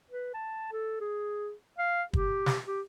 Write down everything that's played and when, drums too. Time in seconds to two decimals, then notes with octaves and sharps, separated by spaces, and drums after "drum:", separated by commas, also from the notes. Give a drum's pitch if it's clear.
0.10 B4
0.34 A5
0.72 A4
1.01 G#4
1.78 F5
2.13 G4, drum: kick
2.46 drum: snare
2.67 G4